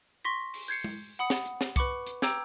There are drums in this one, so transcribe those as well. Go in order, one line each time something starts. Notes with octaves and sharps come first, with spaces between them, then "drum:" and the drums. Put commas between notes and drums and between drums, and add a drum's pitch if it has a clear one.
C6 C#6 A#6 B6
drum: open hi-hat
G6 G#6 C7 C#7
drum: tom G#3
F#5 B5 D#6 C#7
drum: snare
drum: hi-hat
drum: snare
B4 B5 C#6 D6 C#7, drum: kick C2, hi-hat
drum: hi-hat
G5 A#5 D6 E6 G6 G#6, drum: snare